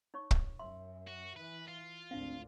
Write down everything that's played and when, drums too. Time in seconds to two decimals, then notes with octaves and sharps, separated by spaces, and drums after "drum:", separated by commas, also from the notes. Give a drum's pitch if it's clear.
0.14 D#4 C#5 C#6
0.31 drum: kick
0.59 F#2 E5 C6
1.07 F#4
1.36 E3 B4
1.68 F4
2.11 G#1 D2 C4 D4 F5